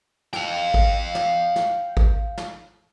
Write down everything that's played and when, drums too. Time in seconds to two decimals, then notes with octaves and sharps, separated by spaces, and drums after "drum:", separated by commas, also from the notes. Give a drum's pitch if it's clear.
0.33 F5 G5, drum: snare
0.74 drum: kick G#1
1.15 drum: snare
1.56 drum: snare
1.97 drum: kick G#1
2.38 drum: snare